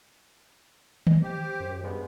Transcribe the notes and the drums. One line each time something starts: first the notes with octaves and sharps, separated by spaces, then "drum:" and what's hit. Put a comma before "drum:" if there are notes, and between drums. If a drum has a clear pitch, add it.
D#5, drum: tom D#3
G4 C5
F#2
G2 G#3 B3